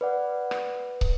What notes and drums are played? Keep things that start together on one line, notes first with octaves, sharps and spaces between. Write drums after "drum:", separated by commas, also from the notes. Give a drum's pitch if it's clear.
B4 D5 F#5
drum: rim click
drum: kick